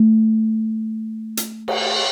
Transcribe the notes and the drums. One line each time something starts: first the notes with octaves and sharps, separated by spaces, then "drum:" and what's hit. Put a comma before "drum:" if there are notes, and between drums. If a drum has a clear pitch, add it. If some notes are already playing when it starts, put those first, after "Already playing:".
Already playing: A3
drum: hi-hat
drum: cymbal